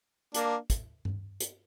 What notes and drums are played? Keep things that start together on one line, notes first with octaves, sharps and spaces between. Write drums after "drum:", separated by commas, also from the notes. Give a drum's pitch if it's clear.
A#3 D4, drum: hi-hat
drum: kick, hi-hat
drum: tom G2
drum: hi-hat